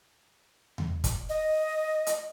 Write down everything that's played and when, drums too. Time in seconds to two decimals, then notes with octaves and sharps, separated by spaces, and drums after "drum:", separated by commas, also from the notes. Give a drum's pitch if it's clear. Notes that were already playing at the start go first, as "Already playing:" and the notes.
0.78 drum: tom D#2
1.04 drum: kick, hi-hat
1.29 D#5
2.06 drum: hi-hat